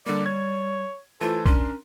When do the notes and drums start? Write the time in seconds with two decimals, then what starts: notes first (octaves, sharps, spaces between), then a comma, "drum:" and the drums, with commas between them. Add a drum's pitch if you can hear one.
0.06 D3 G3 A#3 D5
0.26 C#5 G#6
1.21 E3 A3 F4 A4 C5
1.46 C#4 D4 A#4 C6, drum: kick B1